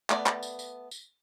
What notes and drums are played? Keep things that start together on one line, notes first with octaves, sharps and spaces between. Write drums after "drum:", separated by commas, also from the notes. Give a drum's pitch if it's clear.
A3 B3 D5, drum: clap
drum: clap
drum: tambourine
drum: tambourine
drum: tambourine